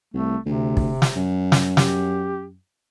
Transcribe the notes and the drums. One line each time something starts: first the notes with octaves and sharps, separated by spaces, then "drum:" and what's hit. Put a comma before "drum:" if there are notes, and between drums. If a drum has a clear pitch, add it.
C2 A3
D2 C3
drum: kick
drum: snare
F#2
drum: snare
G4, drum: snare